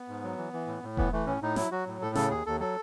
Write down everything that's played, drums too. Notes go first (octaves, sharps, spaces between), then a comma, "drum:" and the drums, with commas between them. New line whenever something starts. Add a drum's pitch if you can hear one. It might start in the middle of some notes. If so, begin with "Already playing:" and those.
Already playing: B3
G#2
F#3
E3
E3
A2
A2
E3 B3, drum: kick E1
E3 A3
A2 C#4
A2 D#4
F#3 E4, drum: snare
F#3 F#4
A2
A2 A4
C#3 A4, drum: snare
D#2 G#4
D#2 A4
F#3 A4